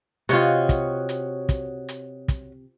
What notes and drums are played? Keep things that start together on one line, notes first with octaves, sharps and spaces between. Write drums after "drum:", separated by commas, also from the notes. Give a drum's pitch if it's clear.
C3 F4 F#4 C#5 D#5, drum: hi-hat
drum: kick, hi-hat
drum: hi-hat
drum: kick, hi-hat
drum: hi-hat
drum: kick, hi-hat